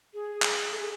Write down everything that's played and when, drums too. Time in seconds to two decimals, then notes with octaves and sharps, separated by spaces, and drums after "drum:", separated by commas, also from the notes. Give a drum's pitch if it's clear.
0.14 G#4
0.42 drum: clap
0.71 A4
0.80 G#4